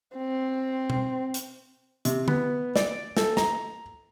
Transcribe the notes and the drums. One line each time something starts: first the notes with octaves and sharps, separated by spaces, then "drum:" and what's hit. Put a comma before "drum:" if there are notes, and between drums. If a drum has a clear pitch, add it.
C4
drum: tom B2
drum: hi-hat
C3, drum: hi-hat
B3, drum: tom
D5, drum: snare
A4, drum: snare
A#5, drum: snare